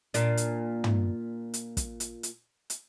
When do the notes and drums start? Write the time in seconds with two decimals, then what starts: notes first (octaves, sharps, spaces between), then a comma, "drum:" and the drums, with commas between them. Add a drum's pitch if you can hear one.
0.14 A#2 D4, drum: hi-hat
0.37 drum: hi-hat
0.84 drum: tom
1.54 drum: hi-hat
1.77 drum: kick, hi-hat
2.00 drum: hi-hat
2.23 drum: hi-hat
2.70 drum: hi-hat